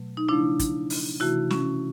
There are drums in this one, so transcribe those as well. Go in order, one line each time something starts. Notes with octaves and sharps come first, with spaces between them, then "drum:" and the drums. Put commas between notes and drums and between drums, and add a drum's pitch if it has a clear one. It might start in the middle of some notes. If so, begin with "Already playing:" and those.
Already playing: B2 F#3 A3
D#4
C#3 F3 A3 D4 E4
drum: kick, hi-hat
drum: open hi-hat
C3 E3 A3 E4 F#4
C#4, drum: snare